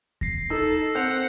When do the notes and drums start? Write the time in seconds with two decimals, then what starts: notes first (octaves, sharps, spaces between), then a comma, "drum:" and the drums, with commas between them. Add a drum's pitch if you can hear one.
0.21 A#6 C7, drum: kick D#2
0.50 D#4 A4 E6
0.95 C4 F#5 G6 F7